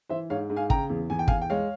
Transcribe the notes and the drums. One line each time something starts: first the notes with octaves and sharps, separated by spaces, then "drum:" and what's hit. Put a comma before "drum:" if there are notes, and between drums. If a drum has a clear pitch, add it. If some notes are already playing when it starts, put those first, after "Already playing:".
E3 C5 E5
G#2 C#5 F5
G#2
F5 G#5
C#3 G5 A#5, drum: kick
E2
E2 G#5
G5
E2 F5 G#5, drum: kick
G5
G#3 C#5 F5